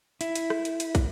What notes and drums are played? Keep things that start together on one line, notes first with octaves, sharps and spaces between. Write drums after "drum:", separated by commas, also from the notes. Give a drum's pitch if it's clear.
E4, drum: hi-hat
drum: hi-hat
drum: rim click
drum: hi-hat
drum: hi-hat
drum: kick, hi-hat